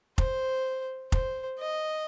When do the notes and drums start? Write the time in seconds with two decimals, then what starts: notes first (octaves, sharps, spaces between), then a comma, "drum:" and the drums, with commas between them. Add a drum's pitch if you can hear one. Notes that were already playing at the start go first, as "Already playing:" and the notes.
0.18 C5, drum: kick F1
1.12 C5, drum: kick F1
1.59 D#5